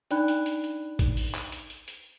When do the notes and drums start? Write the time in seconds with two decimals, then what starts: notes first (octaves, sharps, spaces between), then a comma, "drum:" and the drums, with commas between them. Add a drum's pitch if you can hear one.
0.11 D4 D#4 D5 G5 B5 F#6, drum: hi-hat
0.28 drum: hi-hat
0.46 drum: hi-hat
0.64 drum: hi-hat
0.99 drum: kick, hi-hat
1.17 drum: open hi-hat
1.35 drum: clap
1.52 drum: hi-hat
1.70 drum: hi-hat
1.88 drum: hi-hat